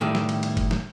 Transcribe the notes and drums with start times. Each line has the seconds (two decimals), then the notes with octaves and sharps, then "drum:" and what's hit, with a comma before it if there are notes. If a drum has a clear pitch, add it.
0.01 A2 D#3 G3 A3
0.15 drum: snare
0.29 drum: cymbal
0.43 drum: cymbal
0.57 drum: kick F#1, cymbal
0.71 drum: snare